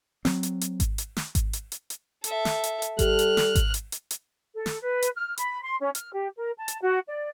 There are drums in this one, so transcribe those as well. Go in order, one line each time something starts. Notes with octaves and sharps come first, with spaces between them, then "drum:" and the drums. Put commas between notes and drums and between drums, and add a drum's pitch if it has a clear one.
F#3 C4, drum: snare
drum: hi-hat
drum: hi-hat
drum: kick G#1, hi-hat
drum: hi-hat
drum: snare
drum: kick G#1, hi-hat
drum: hi-hat
drum: hi-hat
drum: hi-hat
A4 E5, drum: hi-hat
drum: snare
drum: hi-hat
drum: hi-hat
G3 G4 A4 F6 F#6, drum: kick G#1, hi-hat
drum: hi-hat
drum: snare
drum: kick G#1, hi-hat
drum: hi-hat
drum: hi-hat
drum: hi-hat
A4
drum: snare
B4
drum: hi-hat
F6
B5, drum: hi-hat
C6
C#4
F6, drum: hi-hat
G4
A#4
A5
drum: hi-hat
F#4
D5